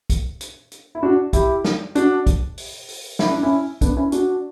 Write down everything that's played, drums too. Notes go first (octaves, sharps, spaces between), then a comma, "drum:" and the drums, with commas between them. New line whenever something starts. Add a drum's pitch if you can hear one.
drum: kick, hi-hat
drum: hi-hat
drum: hi-hat
E4
D4 F#4
E4 G4, drum: kick, hi-hat
drum: snare
D4 F#4, drum: hi-hat
drum: kick, hi-hat
drum: open hi-hat
drum: open hi-hat
E4, drum: snare
D4
C#4 E4
B3 D4, drum: kick, hi-hat
C#4 E4
D4 F#4, drum: hi-hat